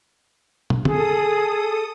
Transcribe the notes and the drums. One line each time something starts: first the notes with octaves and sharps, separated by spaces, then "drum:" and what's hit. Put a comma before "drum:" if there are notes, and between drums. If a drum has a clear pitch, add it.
drum: tom
G#4 A4 D#6, drum: tom D3